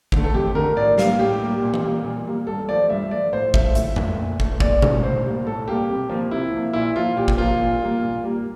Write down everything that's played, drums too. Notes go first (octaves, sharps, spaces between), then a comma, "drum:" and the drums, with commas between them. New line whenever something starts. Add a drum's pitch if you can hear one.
D3 A3, drum: kick
A4
F2 G4
D3 A3 A#4
A2 D5
G3 A#3 F5, drum: snare
A2 G4
G3 A#3
A#2
drum: tom E3
G3 A#3
A#2
G3 A#3
G2 A4
F3 A3 D5
G2 E5
F3 A3 D5
A2 C5
F3 A3 E5, drum: kick
A2 E5, drum: hi-hat
F3 A3, drum: tom F2
A#2
A3, drum: kick
A#2 D5, drum: kick
A3, drum: tom B2
A2 C5
G3 A#3
A2 A4
G3 A#3 G4
C3
F3 A#3
C3 E4
F3 A#3
A#2 E4
F3 A#3 F4
A#2 G4
drum: kick
F3 A#3 F4
A#2
G3 A#3
A#2
G3 A#3